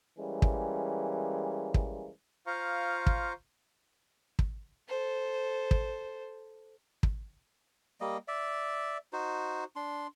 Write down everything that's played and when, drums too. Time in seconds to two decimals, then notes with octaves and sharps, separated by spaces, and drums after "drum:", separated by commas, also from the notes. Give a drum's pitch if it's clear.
0.19 E3 G3 G#3 A#3 C#4
0.42 drum: kick
1.74 drum: kick
2.47 F4 C5 F5 A#5 C#6
3.07 drum: kick
4.39 drum: kick
4.88 A4 C5
5.71 drum: kick
7.03 drum: kick
8.01 G3 A#3 D#5
8.28 D5 E5
9.13 D#4 F#4 C5
9.76 D4 C6